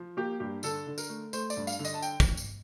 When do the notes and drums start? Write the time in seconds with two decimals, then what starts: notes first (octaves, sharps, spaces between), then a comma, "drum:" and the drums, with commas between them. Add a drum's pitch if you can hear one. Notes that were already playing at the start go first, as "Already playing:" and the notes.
Already playing: F3
0.17 A#3 G4
0.40 G2 G4
0.63 D3 A4, drum: tambourine
0.87 D3
0.98 A#4, drum: tambourine
1.09 A3
1.33 A3 C5, drum: tambourine
1.50 D5, drum: tambourine
1.57 G2
1.67 F5, drum: tambourine
1.79 D3
1.85 D#5, drum: tambourine
1.94 A5
2.02 G5, drum: tambourine
2.20 drum: kick, tambourine
2.37 drum: tambourine